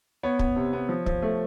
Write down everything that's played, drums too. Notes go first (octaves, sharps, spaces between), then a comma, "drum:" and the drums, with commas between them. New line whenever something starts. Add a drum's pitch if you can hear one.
B3 C#5
B3, drum: kick
C3
B3
F3
F3, drum: kick
A3